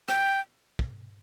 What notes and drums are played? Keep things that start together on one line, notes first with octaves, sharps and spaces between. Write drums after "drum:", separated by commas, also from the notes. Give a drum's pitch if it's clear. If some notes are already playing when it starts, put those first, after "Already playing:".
G5, drum: rim click
drum: kick